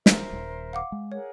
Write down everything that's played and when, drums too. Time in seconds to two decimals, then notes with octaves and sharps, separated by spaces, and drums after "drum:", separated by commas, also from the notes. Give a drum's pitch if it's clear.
0.06 A#4 C5 E5, drum: snare
0.33 D#1
0.73 F5 F#5 D6
0.92 G#3
1.12 G#4 A#4 C#5 F#5